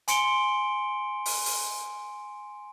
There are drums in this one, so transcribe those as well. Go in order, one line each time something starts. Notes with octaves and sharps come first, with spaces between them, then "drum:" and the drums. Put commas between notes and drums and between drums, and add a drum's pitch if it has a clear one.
G#5 C6 C#7 D7 G7, drum: hi-hat
drum: open hi-hat
drum: open hi-hat